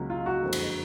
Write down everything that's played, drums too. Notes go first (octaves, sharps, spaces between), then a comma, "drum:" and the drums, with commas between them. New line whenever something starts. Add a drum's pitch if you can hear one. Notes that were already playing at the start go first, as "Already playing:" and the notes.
Already playing: C#2 C#3 F#3 A#3
F4
F#4
F#1 F2 D3 F3 G#3
drum: cymbal